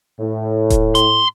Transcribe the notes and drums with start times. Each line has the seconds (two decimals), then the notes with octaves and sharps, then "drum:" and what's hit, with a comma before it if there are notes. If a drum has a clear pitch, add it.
0.20 A2
0.70 drum: kick D#1, hi-hat
0.95 C6, drum: hi-hat